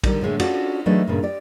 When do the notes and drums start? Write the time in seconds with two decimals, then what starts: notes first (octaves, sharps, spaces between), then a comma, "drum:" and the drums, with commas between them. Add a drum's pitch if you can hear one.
0.03 D3 D#3 G3, drum: kick A#1, cymbal
0.21 A2 D3 G#3 A3
0.39 C#4 D4 F4 F#4 A4 D5, drum: cymbal
0.86 E3 F#3 A3 D4 D#4 G#4
1.07 G2 A#2 C#3
1.23 G4 D5